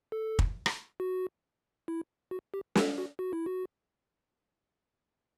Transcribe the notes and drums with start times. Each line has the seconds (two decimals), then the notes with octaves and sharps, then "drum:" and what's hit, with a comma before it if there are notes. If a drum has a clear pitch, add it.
0.12 A4
0.39 drum: kick
0.66 drum: rim click
1.00 F#4
1.88 E4
2.31 F#4
2.54 G4
2.75 G4, drum: snare
2.98 F#4
3.19 F#4
3.33 E4
3.46 F#4